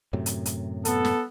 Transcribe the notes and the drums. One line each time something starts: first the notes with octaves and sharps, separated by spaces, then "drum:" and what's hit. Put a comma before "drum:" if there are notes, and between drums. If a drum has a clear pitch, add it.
F#2 A2 C3
drum: hi-hat
drum: hi-hat
B3 A4, drum: hi-hat
drum: snare